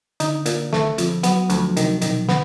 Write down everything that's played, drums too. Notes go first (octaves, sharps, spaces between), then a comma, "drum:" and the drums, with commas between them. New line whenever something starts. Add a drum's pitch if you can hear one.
D3 D#4, drum: hi-hat
A#2, drum: hi-hat
A3, drum: snare
F2 F3, drum: hi-hat
F#3 B3, drum: hi-hat
D2 F3, drum: hi-hat
C3 D#3, drum: hi-hat
B2 D#3, drum: hi-hat
D3 B3, drum: snare